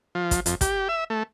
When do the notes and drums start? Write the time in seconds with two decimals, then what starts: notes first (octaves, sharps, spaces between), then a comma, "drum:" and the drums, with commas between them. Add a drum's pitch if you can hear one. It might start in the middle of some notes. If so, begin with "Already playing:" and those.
0.15 F3
0.31 drum: kick, hi-hat
0.46 F2, drum: hi-hat
0.61 G4, drum: kick, hi-hat
0.89 E5
1.10 A3